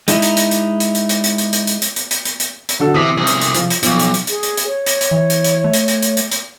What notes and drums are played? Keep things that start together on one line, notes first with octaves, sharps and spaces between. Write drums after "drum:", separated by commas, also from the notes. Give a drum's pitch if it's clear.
G#3 D#4 E4, drum: hi-hat
drum: hi-hat
drum: hi-hat
drum: hi-hat
drum: hi-hat
drum: hi-hat
drum: hi-hat
drum: hi-hat
drum: hi-hat
drum: hi-hat
drum: hi-hat
drum: hi-hat
drum: hi-hat
drum: hi-hat
drum: hi-hat
drum: hi-hat
drum: hi-hat
D3 F#4 A4
C3 E3 D#6 B6
C2 C3 G#4
drum: hi-hat
drum: hi-hat
F3, drum: hi-hat
drum: hi-hat
B1 F3, drum: hi-hat
drum: hi-hat
drum: hi-hat
G#4, drum: hi-hat
drum: hi-hat
drum: hi-hat
C#5
drum: hi-hat
drum: hi-hat
E3
drum: hi-hat
drum: hi-hat
A3
drum: hi-hat
drum: hi-hat
drum: hi-hat
drum: hi-hat
drum: hi-hat